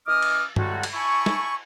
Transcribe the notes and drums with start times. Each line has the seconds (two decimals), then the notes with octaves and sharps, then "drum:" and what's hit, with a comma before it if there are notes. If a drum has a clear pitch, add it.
0.07 E3 C#4 D#5 D6 D#6 F6
0.22 drum: cymbal
0.56 A2 C3 G3 G#3 F#4, drum: tom G2
0.83 drum: cymbal
0.93 E4 G#5 A5 B5 C#6
1.26 drum: snare